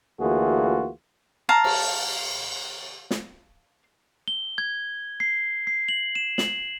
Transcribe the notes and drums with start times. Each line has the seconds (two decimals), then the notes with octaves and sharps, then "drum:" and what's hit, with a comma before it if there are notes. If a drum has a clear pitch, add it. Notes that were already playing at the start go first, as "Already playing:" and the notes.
0.20 D2 E3 A#3 F4 F#4 G#4
1.49 F5 A5 A#5
1.64 drum: cymbal
3.11 drum: snare
4.28 G7
4.58 G#6
5.20 C7
5.67 C7
5.89 F#7
6.15 E7
6.38 F#7, drum: snare